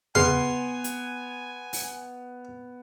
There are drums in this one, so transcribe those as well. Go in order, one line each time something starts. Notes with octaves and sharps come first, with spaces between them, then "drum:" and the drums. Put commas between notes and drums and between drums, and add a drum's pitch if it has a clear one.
C#3 B3 G#5 C6 F6, drum: tom E2
drum: hi-hat
drum: open hi-hat